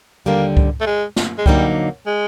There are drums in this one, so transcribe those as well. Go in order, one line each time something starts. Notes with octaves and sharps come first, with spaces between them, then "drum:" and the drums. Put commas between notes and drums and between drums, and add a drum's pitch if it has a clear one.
D#2 D3 G3 A#3
drum: kick C#2
A3
G#3
drum: snare
G#3
F2 D3 F#3 G3 A#3 D#4, drum: kick C#2
G#3